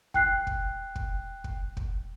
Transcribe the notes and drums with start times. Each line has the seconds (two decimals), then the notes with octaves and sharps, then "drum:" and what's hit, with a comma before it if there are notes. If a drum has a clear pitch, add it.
0.14 G5 F#6 C7, drum: kick
0.47 drum: kick
0.96 drum: kick
1.44 drum: kick
1.77 drum: kick